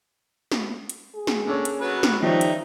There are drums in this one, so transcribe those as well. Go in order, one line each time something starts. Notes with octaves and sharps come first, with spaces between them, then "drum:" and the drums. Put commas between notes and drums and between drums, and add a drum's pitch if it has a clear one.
drum: snare
drum: hi-hat
G#4
drum: snare
D3 A#3 C#4
drum: hi-hat
F#3 B3 B4
drum: snare
D#3 F3 G3 C#4 D#4 E5
drum: hi-hat